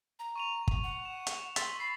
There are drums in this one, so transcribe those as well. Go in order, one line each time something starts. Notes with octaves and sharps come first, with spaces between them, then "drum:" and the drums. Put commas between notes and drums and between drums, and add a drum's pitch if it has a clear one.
A#5
C#6 D#7 F7
drum: kick
F#5
E7
drum: hi-hat
C6 E6 A6 B6, drum: hi-hat
B5 C7